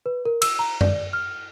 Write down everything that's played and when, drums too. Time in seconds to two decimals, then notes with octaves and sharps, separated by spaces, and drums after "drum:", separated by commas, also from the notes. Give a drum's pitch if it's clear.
0.06 B4
0.25 A#4
0.42 E6, drum: cymbal
0.59 A#5
0.81 D5, drum: tom F#2
1.13 F6